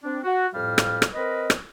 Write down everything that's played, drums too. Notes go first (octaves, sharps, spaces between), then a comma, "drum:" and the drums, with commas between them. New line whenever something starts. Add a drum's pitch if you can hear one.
C4 D4
F#4
F2 A2 G3 F5 F6
drum: rim click
drum: rim click
C4 A#4 B4 D#5
drum: rim click